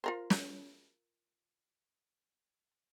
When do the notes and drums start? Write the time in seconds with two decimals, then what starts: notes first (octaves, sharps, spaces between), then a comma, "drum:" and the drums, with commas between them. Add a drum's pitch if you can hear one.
0.04 F4 A#4 C5
0.30 drum: snare